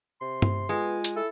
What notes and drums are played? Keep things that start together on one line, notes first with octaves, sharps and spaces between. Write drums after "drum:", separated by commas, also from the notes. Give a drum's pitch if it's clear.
C3 C6
drum: tom
G#3 B3 F4
drum: hi-hat
E4 A4